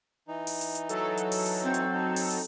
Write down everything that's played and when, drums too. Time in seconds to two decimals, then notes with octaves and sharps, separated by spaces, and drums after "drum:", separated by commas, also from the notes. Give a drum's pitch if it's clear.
0.28 E3 D#4
0.47 drum: open hi-hat
0.61 drum: hi-hat
0.75 drum: hi-hat
0.89 F#3 A4, drum: hi-hat
1.17 drum: hi-hat
1.32 drum: open hi-hat
1.46 drum: hi-hat
1.63 C4
1.74 drum: hi-hat
1.94 D#4
2.16 drum: open hi-hat
2.30 drum: hi-hat